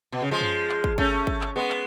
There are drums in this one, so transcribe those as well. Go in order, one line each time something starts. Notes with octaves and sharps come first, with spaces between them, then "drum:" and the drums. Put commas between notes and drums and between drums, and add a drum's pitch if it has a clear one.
B2
C#3
F3 G#3
drum: tom F#2
drum: clap
drum: kick
A3 C#4, drum: kick
drum: kick
drum: clap
G#3 B3
drum: clap